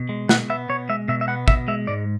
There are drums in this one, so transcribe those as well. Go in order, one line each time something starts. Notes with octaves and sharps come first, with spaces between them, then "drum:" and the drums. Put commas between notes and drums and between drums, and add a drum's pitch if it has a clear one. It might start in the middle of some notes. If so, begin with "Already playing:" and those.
Already playing: B2
G#3
B2 F#5, drum: snare
B3 E5
B2 C#5
G#3 E5
B2 E5
E5
B3 F#5
B2 E5, drum: kick
G#3 E5
G#2 D5